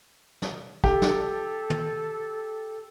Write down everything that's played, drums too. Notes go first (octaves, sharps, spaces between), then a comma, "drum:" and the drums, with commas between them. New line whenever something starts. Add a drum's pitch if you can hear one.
drum: snare
G4 A4, drum: kick
drum: snare
drum: tom